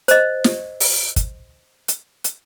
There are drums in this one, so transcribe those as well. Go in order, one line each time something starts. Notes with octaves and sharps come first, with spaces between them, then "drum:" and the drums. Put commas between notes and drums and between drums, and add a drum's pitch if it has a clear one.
C5 D#5, drum: hi-hat
drum: snare
drum: open hi-hat
drum: kick, hi-hat
drum: hi-hat
drum: hi-hat